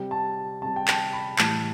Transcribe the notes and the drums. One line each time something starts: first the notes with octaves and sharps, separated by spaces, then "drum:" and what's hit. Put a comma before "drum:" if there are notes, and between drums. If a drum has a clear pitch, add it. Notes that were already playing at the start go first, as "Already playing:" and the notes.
Already playing: C3 G3 G5
A5
C3 G3 A5
G5
A5, drum: clap
B5
A2 E3 G3 A5, drum: clap